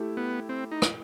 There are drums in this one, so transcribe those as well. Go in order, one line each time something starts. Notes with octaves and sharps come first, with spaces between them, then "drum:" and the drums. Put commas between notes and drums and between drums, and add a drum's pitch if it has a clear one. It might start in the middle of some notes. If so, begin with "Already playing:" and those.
Already playing: A3 E4 G4
B3
C4
D#4
drum: rim click